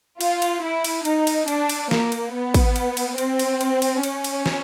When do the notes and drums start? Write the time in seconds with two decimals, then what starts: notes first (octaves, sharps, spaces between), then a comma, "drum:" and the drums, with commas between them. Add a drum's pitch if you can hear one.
0.21 F4, drum: cymbal
0.42 drum: cymbal
0.63 E4
0.84 drum: cymbal
1.05 D#4, drum: cymbal
1.27 drum: cymbal
1.48 D4, drum: cymbal
1.69 drum: cymbal
1.91 A#3, drum: snare
2.12 drum: cymbal
2.33 B3
2.54 drum: kick, cymbal
2.76 drum: cymbal
2.97 drum: cymbal
3.18 C4, drum: cymbal
3.39 drum: cymbal
3.61 drum: cymbal
3.82 drum: cymbal
4.03 C#4, drum: cymbal
4.24 drum: cymbal
4.46 drum: snare